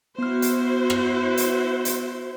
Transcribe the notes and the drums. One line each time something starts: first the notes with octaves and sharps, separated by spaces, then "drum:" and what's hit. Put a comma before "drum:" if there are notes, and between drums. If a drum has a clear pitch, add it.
B3 E4 F#4 C5 F6
drum: hi-hat
drum: rim click
drum: hi-hat
drum: hi-hat